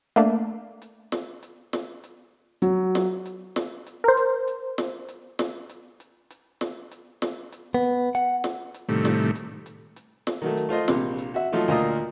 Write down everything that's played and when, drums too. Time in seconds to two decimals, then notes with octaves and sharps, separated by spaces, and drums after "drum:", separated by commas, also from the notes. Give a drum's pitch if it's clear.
0.16 A3 A#3 D4
0.82 drum: hi-hat
1.12 drum: snare
1.43 drum: hi-hat
1.73 drum: snare
2.04 drum: hi-hat
2.62 F#3, drum: hi-hat
2.95 drum: snare
3.26 drum: hi-hat
3.56 drum: snare
3.87 drum: hi-hat
4.04 A#4 C5
4.17 drum: hi-hat
4.48 drum: hi-hat
4.78 drum: snare
5.09 drum: hi-hat
5.39 drum: snare
5.69 drum: hi-hat
6.00 drum: hi-hat
6.30 drum: hi-hat
6.61 drum: snare
6.91 drum: hi-hat
7.22 drum: snare
7.52 drum: hi-hat
7.74 B3
8.15 F#5, drum: hi-hat
8.44 drum: snare
8.74 drum: hi-hat
8.89 A2 C3 D#3 G3 A3
9.05 drum: snare
9.35 drum: hi-hat
9.66 drum: hi-hat
9.96 drum: hi-hat
10.27 drum: snare
10.42 D#3 F#3 A3
10.57 drum: hi-hat
10.69 A3 F4 C5 D#5
10.88 A#1 C3, drum: snare
11.18 drum: hi-hat
11.34 F#4 E5
11.52 F3 F#3 A3 D#4 F4
11.68 D2 A#2 F4 D#5 A#5 D#6
11.79 drum: hi-hat